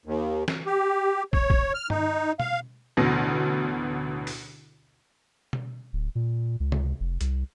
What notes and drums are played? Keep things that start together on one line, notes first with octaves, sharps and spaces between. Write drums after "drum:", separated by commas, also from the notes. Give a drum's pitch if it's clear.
D#2
drum: snare
G4
C#5, drum: kick
drum: kick
F6
D#4, drum: tom G2
F5, drum: tom B2
A1 D2 B2 A#6
drum: open hi-hat
drum: tom B2
D1
A#2
C#2
drum: tom C3
F1
C2, drum: hi-hat